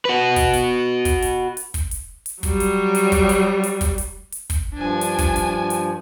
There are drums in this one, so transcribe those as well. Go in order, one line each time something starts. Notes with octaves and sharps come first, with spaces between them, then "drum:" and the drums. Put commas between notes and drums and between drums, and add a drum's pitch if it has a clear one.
F#4 B4
drum: kick, hi-hat
drum: hi-hat
drum: kick, hi-hat
drum: hi-hat
drum: hi-hat
drum: kick, hi-hat
drum: hi-hat
drum: hi-hat
F#3 G3, drum: kick, hi-hat
drum: hi-hat
drum: hi-hat
drum: kick, hi-hat
drum: hi-hat
drum: hi-hat
drum: kick, hi-hat
drum: hi-hat
drum: hi-hat
drum: kick, hi-hat
G2 F3 D4 G#5
drum: hi-hat
drum: kick, hi-hat
drum: hi-hat
drum: hi-hat